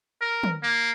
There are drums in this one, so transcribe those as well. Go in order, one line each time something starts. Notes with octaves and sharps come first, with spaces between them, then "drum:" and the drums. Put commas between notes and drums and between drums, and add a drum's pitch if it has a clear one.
A#4
drum: tom
A#3